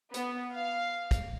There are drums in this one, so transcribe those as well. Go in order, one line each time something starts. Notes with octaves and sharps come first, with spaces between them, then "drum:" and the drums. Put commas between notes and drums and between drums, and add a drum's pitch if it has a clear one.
B3, drum: hi-hat
F5
drum: kick, hi-hat